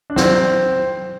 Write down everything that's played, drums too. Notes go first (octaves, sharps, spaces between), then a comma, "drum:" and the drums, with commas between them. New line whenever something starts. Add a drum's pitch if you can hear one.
D4
C4, drum: snare